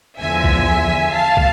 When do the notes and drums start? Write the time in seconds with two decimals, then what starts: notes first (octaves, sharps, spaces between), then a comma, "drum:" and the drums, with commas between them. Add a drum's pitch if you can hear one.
0.20 E2 D3 F3 E5 G#5
0.44 drum: kick
1.14 F5 A5
1.37 drum: kick